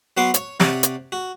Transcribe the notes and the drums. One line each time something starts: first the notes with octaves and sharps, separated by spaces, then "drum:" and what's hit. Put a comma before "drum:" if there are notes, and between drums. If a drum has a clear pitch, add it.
F#3 B3 F#4 F#5 C6 D6
C#5, drum: hi-hat
C3 C#5 D5 F#5 D6, drum: snare
drum: hi-hat
F#4